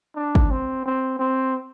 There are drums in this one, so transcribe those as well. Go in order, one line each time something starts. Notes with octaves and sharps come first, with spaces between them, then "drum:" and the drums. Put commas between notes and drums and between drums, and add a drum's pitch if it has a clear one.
D4
drum: kick
C4
C4
C4